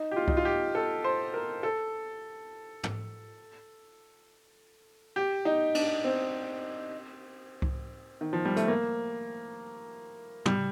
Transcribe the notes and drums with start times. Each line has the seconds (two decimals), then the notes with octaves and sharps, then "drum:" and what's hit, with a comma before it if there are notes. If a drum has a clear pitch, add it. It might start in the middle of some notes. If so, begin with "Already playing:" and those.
Already playing: D#4
0.11 G4
0.16 F4
0.28 D#4, drum: kick C2
0.37 F4
0.45 G4
0.75 A4
1.04 C5
1.34 A#4
1.63 A4
2.83 drum: tom
5.16 G4
5.45 D#4
5.75 D4, drum: cymbal
6.04 C4
7.62 drum: kick C2
8.21 D#3
8.33 F3
8.45 G3
8.56 A3, drum: hi-hat
8.68 A#3
10.46 G3, drum: tom